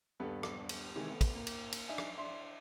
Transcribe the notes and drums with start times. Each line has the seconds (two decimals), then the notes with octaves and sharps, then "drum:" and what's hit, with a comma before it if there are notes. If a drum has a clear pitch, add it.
0.20 D#1 G2 B3 A4 B4
0.43 drum: rim click
0.69 drum: cymbal
0.95 C3 D#3 E3 G#3
1.11 A3 B3
1.21 drum: kick, cymbal
1.35 A#3
1.47 drum: cymbal
1.72 drum: cymbal
1.88 D4 D#4 E5 G#5
1.98 drum: rim click
2.17 D4 E5 C6